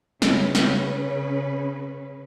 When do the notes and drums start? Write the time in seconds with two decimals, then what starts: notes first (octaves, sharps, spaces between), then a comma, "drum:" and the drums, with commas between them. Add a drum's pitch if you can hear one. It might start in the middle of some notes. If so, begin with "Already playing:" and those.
0.22 C#3 C#4 B4, drum: snare
0.55 drum: snare